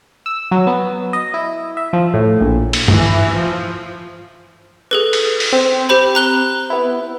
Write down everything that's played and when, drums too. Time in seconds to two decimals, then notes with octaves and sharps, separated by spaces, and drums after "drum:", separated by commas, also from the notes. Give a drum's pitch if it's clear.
0.26 E6
0.51 F#3
0.67 B3
1.13 D#5
1.34 E4
1.77 E5
1.93 F3
2.14 A2
2.41 A#1
2.73 drum: cymbal
2.88 E3, drum: tom G2
3.35 F3
4.91 G#4 A4 B4
5.13 drum: cymbal
5.40 drum: open hi-hat
5.53 C4
5.89 G4 C5 B5
6.15 A#5 F#6 G7
6.70 B3 E4